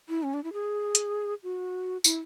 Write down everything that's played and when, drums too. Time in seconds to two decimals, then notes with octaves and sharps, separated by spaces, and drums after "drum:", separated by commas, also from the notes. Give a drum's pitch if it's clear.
0.09 E4
0.23 C#4
0.34 D4
0.44 E4
0.53 G#4
0.95 drum: hi-hat
1.43 F#4
2.04 E4, drum: tambourine